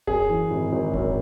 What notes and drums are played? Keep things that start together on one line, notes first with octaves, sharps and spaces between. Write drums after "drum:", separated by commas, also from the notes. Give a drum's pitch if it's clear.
F#2 G#4, drum: kick D#1
E3
G#1
G#1
F#2, drum: kick D#1